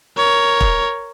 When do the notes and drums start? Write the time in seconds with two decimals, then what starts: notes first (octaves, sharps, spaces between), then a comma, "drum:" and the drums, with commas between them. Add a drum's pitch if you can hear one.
0.17 A#4 C#5
0.60 drum: kick